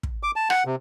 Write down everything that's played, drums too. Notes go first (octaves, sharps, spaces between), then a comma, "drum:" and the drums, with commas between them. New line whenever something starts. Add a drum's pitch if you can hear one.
drum: kick
D6
A5
F#5, drum: rim click
C3